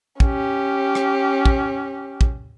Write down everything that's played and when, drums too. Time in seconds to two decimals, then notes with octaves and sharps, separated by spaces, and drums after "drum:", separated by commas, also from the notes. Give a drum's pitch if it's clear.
0.20 C#4 G4, drum: kick
0.95 drum: rim click
1.45 drum: kick
2.21 drum: kick